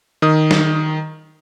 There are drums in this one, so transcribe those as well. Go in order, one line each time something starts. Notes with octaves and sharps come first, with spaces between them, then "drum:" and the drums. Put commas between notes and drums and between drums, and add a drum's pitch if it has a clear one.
D#3 D#6
drum: snare